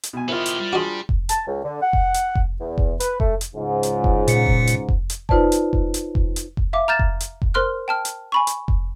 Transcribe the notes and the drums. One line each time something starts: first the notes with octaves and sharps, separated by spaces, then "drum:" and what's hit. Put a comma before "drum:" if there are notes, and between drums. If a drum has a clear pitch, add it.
drum: hi-hat
B2 G#5
B3 E4 F4 G4 A#4 C5 D#5
drum: hi-hat
G3
D4 F#4 G#4 D#5 C6
drum: kick F1
A5, drum: hi-hat
C#2
D3
F#5
drum: kick F1
drum: hi-hat
drum: kick F1
E2
drum: kick F1
B4, drum: hi-hat
A3, drum: kick F1
drum: hi-hat
C#2 G#2
drum: hi-hat
drum: kick F1
A#2 C#7, drum: hi-hat
drum: kick F1
drum: hi-hat
drum: kick F1
drum: hi-hat
D#4 F4 B4 C5 D5 A5, drum: kick F1
drum: hi-hat
drum: kick F1
drum: hi-hat
drum: kick F1
drum: hi-hat
drum: kick F1
E5 F5 D6
A#5 F6 G6 A6 E7
drum: kick F1
drum: hi-hat
drum: kick F1
A#4 C5 C6 F6 F#6
G5 A5 F6
drum: hi-hat
G#5 B5 C#6
drum: hi-hat
drum: kick F1